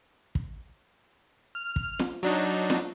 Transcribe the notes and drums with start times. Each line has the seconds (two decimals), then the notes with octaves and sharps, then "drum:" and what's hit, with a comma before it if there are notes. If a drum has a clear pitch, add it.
0.35 drum: kick
1.55 F6
1.76 drum: kick
1.99 drum: snare
2.23 F#3 D4 D#4
2.70 drum: snare